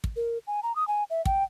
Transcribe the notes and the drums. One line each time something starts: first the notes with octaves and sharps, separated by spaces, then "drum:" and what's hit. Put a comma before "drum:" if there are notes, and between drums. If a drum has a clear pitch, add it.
drum: kick
A#4
G#5
A#5
D#6
G#5
E5
G5, drum: kick